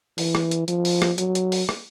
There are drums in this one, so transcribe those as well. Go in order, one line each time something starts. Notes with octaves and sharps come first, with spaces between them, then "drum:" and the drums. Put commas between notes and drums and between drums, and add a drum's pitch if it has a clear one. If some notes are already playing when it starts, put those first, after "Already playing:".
E3, drum: open hi-hat
drum: rim click
drum: hi-hat
F3, drum: hi-hat
drum: open hi-hat
drum: rim click
F#3, drum: hi-hat
drum: hi-hat
drum: open hi-hat
drum: rim click